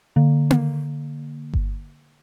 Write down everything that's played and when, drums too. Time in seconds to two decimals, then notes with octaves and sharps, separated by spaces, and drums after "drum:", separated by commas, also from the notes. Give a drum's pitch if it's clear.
0.16 D3 A#3
0.50 drum: tom A#3
1.54 drum: kick G1